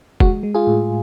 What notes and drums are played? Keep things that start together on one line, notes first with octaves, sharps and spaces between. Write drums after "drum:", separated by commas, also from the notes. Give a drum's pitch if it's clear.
G#3 F#4, drum: kick F1
G#3
F4 G#4
A2